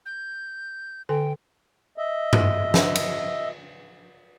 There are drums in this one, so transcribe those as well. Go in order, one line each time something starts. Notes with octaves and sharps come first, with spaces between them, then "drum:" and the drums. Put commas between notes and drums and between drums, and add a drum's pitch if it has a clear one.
G6
D3 A4 G5 G#5
D#5 E5
drum: tom G2
drum: snare
drum: cymbal